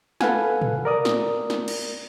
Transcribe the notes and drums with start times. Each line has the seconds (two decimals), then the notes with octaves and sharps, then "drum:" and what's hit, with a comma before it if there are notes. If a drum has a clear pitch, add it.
0.21 A4 B4 F5 F#5 G#5, drum: snare
0.62 drum: tom A2
0.85 A#4 D5 D#6
1.05 drum: snare
1.50 drum: snare
1.68 drum: cymbal